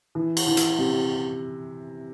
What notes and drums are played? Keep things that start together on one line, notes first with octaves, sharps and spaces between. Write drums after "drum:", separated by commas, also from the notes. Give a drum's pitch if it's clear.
E3
drum: cymbal
E3
drum: hi-hat
C3